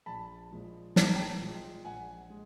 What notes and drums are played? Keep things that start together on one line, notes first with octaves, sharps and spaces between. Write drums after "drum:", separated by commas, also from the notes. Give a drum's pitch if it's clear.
A#1 A5 B5
A#2 F3 G#3
A#1 A5, drum: snare
A#5
G5 A5
A#2 F3 G#3
A#1 F#5 G#5
G#3